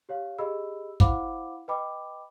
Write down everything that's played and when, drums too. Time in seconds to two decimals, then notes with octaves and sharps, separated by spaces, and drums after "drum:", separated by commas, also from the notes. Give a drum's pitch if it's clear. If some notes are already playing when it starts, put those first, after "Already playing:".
0.09 G4 C#5 F5
0.38 G4 G#4 D#5 B5 E6
1.00 E4 C5 F5 F#5 B5 D6, drum: kick
1.68 B4 D#5 G5 B5 D6